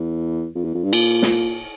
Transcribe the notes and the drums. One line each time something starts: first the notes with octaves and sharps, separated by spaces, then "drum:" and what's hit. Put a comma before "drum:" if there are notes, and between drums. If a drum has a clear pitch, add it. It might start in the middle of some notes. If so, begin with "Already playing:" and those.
Already playing: E2
F2
E2
F2
G2
A#2, drum: cymbal
drum: snare